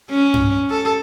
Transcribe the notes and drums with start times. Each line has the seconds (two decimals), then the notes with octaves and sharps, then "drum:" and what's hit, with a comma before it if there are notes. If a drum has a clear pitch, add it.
0.10 C#4
0.34 drum: tom G2
0.70 A4